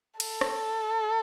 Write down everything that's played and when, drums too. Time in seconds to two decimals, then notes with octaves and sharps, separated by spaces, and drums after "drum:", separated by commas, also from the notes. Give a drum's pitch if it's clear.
0.20 A4, drum: cymbal
0.41 drum: rim click